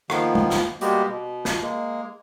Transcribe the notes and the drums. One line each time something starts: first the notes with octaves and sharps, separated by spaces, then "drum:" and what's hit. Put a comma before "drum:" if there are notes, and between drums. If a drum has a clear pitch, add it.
D#3 F3 A#3 B3, drum: rim click
drum: tom G#3
drum: snare
G3 G#3 A#3 B3 F#4 G4, drum: hi-hat
B2
drum: snare
G#3 A#3